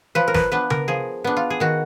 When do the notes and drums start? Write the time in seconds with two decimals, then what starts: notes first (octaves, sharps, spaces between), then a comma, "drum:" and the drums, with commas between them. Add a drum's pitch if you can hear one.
0.15 F3 B4
0.28 A#4
0.34 B4, drum: snare
0.52 B3 D4 B4
0.70 A#4, drum: tom C#3
0.88 F3 G#4
1.24 B3 D4
1.37 F4
1.50 G#4
1.60 D#3 F#4